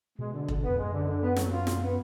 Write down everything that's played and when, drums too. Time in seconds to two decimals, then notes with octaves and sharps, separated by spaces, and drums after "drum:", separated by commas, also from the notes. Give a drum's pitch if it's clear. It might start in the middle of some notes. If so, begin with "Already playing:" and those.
0.19 B2 G#3
0.33 D3
0.48 D3, drum: kick E1
0.63 B3
0.69 F2
0.78 F#2 G#3
0.93 D3
1.07 D3
1.22 B3
1.36 F#3, drum: snare
1.51 F4
1.67 B2, drum: snare
1.82 B3